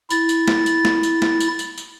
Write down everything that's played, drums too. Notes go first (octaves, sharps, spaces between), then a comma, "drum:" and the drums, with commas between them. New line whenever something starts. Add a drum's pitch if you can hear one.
E4 A6, drum: tambourine
drum: tambourine
drum: snare
drum: tambourine
drum: snare
drum: tambourine
drum: snare
drum: tambourine
drum: tambourine
drum: tambourine